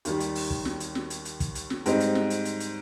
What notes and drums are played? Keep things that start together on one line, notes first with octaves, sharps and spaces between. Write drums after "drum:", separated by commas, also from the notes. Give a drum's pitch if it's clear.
D#2 D#3 G3, drum: hi-hat
drum: hi-hat
drum: open hi-hat
drum: kick
drum: snare
drum: hi-hat
drum: snare
drum: hi-hat
drum: hi-hat
drum: kick, hi-hat
drum: hi-hat
drum: snare
G#2 G3 C4 D#4, drum: hi-hat
drum: hi-hat
drum: snare
drum: hi-hat
drum: hi-hat
drum: hi-hat